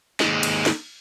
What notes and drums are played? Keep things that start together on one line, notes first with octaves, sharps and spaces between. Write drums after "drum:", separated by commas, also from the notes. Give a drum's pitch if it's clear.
D#2 G#3, drum: snare
drum: cymbal
drum: snare